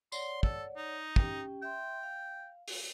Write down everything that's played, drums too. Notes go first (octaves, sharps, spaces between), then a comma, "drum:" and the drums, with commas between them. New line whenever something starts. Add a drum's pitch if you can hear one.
C#5 D5 F#5 C6, drum: tambourine
A4, drum: kick
D#4
C#4 G4 G5, drum: kick
E5 G5 C6
F5
drum: open hi-hat